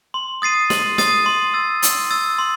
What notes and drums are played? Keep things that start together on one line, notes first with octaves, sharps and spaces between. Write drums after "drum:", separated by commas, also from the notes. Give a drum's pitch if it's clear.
C6
D#6 A6 C7 D#7
C6, drum: snare
D#6 A6 C7 D#7, drum: snare
C6
E6 A6
C6, drum: hi-hat
E6 A6
C6